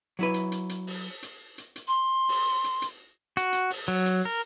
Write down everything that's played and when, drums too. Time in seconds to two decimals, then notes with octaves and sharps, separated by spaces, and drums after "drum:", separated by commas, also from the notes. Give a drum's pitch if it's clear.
0.19 F#3 E4 B4
0.34 drum: hi-hat
0.52 drum: hi-hat
0.69 drum: hi-hat
0.87 drum: open hi-hat
1.23 drum: hi-hat
1.58 drum: hi-hat
1.76 drum: hi-hat
1.88 C6
2.29 drum: open hi-hat
2.64 drum: hi-hat
2.82 drum: hi-hat
3.37 F#4, drum: hi-hat
3.53 drum: hi-hat
3.70 drum: open hi-hat
3.88 F#3
4.06 drum: hi-hat
4.25 A#4